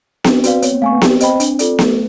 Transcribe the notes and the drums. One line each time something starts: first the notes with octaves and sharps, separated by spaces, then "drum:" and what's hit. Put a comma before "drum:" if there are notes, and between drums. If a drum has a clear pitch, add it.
C4 D4, drum: snare B3
C4 F#4 B4 D5 F5, drum: hi-hat
B3 C#5, drum: hi-hat
A#3
A3 F5 G#5 C#6
B3
C4 G4, drum: snare B3
C5 D#5 G5 B5, drum: hi-hat
D4, drum: hi-hat
F4 A4 D5, drum: hi-hat
A3 A4, drum: snare B3